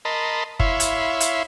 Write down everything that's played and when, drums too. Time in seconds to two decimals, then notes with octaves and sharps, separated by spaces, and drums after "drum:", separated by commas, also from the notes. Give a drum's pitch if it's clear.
0.05 A#4 D#5 A5 B5 C6
0.60 E4 C#5 E5 F5 B5 C6, drum: kick F#1
0.80 drum: hi-hat
1.20 drum: hi-hat